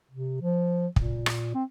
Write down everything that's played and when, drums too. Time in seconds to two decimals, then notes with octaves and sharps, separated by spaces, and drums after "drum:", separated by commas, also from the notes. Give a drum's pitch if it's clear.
0.11 C3
0.41 F3
0.96 A#2, drum: kick
1.26 drum: rim click
1.55 C4